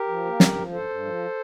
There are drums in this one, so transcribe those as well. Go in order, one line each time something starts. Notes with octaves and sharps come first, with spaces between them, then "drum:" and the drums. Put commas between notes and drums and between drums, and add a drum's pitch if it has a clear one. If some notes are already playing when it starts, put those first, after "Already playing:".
Already playing: G4 A#4
F3
A#3
G2, drum: snare
F3
G2 A4 C5
G2
F3